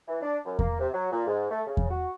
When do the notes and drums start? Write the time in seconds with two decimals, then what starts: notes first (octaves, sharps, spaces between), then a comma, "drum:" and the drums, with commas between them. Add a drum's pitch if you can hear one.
0.08 E3
0.22 D4
0.45 F#2
0.59 A#3, drum: kick E2
0.80 C3
0.93 F#3
1.11 A#2
1.26 G#2
1.50 A3
1.66 C#3
1.77 drum: kick E2
1.90 F#4